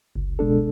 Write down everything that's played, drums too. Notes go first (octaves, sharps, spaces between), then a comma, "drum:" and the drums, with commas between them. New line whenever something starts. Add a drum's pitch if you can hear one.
C#2, drum: kick F#1
B2 G#3 D4 A4